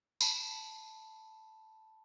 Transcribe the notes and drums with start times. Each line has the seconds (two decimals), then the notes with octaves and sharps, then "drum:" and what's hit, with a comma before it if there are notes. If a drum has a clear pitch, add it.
0.21 A5 B5, drum: tambourine